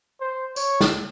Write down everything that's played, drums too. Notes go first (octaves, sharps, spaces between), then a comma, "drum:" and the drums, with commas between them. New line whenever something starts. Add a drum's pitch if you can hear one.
C5
C#5, drum: tambourine
drum: snare